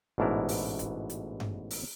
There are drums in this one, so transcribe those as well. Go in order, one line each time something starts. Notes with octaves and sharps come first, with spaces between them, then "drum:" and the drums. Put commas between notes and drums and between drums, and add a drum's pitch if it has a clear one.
A1 G#2 B2 D4 E4 A#4
drum: open hi-hat
drum: kick, hi-hat
drum: hi-hat
drum: tom G2
drum: open hi-hat